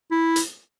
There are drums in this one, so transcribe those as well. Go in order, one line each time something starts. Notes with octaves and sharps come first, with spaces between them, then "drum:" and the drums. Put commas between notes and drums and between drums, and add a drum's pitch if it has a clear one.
E4
drum: hi-hat